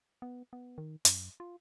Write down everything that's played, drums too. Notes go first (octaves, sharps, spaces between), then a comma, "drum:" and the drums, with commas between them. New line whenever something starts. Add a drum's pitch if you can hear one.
B3
B3
D#3
F#2, drum: hi-hat
F4